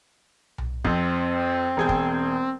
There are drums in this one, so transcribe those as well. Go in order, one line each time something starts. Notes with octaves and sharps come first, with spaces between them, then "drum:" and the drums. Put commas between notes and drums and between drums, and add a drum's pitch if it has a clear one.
drum: tom B1
F2 C4, drum: kick
E1 G#4 G5
drum: kick